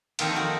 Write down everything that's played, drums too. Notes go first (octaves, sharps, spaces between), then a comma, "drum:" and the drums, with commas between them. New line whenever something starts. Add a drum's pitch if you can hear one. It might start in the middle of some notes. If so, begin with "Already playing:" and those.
F2 D#3 A#3 F4 A4, drum: cymbal
F#4